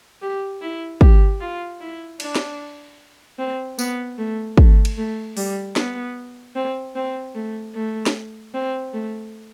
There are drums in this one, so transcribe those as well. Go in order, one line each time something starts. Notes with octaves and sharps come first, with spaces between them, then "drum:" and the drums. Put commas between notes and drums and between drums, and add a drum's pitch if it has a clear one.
G4
E4
G4, drum: kick
F4
E4
D4, drum: cymbal
drum: snare
C4
B3, drum: tambourine
A3
A3, drum: kick
drum: cymbal
A3
G3, drum: open hi-hat
B3, drum: snare
C4
C4
A3
A3
drum: snare
C4
A3